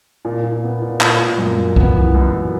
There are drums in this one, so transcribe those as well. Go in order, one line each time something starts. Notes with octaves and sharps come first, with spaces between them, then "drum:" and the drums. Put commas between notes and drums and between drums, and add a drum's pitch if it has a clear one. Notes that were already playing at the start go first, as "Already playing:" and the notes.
A#2
A#2
B3
A#2
A#2, drum: clap
A#2
F#2
F#2
B3, drum: kick
E3
F#2
F#2